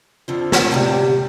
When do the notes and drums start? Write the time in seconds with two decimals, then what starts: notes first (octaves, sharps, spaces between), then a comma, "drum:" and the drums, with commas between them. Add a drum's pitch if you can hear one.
0.28 F2 D3 F3
0.52 drum: snare
0.71 D2 C3 G3